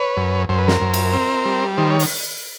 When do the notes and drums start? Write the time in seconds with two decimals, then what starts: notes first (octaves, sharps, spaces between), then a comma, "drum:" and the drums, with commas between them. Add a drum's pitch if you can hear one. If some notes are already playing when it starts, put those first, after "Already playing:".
Already playing: B4 C#5
0.17 F#2
0.49 F#2 C5
0.59 B4
0.68 A#4 C5, drum: snare
0.81 F#2
0.94 drum: cymbal
1.13 C4
1.46 G3
1.77 D#3 C5
1.90 C#5
1.99 drum: open hi-hat